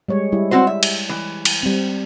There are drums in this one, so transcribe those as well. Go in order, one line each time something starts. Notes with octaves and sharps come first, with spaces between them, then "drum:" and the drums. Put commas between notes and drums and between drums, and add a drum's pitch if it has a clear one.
G3 G#3 C#5
G3 E4
C4 F#4 C5
E5
drum: cymbal
E3
drum: cymbal
G3 C4